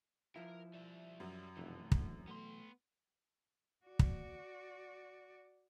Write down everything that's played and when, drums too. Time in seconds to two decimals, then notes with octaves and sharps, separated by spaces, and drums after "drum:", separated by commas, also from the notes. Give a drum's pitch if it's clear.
0.36 F3 E4 A#4
0.74 G3 E5
1.20 F#2 F#3
1.57 F1 B1 E3 A3
1.92 D2, drum: kick
2.28 A3 B3 C6
3.86 F#4 D5
3.99 drum: kick